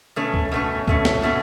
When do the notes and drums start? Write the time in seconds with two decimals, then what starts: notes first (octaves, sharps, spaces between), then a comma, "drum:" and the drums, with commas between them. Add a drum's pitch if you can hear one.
0.16 B2 A3 C#4
0.34 drum: kick C#2
0.52 B2 A3 C#4
0.88 B2 A3 C#4, drum: kick C#2
1.05 drum: snare
1.23 B2 A3 C#4